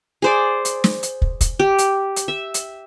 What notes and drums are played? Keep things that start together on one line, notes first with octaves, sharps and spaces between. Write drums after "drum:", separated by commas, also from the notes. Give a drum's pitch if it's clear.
G#4 C5 D5
drum: hi-hat
drum: snare
drum: hi-hat
drum: kick
drum: kick, hi-hat
G4
drum: hi-hat
drum: hi-hat
E5
drum: hi-hat